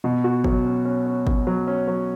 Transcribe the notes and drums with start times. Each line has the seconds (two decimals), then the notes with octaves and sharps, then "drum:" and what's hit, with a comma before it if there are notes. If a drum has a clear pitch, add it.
0.04 B2
0.24 F#4
0.44 F#3, drum: kick
0.65 C#4
0.85 C#4
1.06 C#4
1.27 C#4, drum: kick
1.47 F#3
1.67 C#4
1.87 F#3